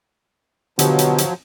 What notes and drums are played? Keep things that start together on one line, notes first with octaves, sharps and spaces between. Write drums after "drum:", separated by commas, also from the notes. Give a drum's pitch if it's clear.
B2 D3 F3 F#3 G4, drum: hi-hat
drum: hi-hat
drum: hi-hat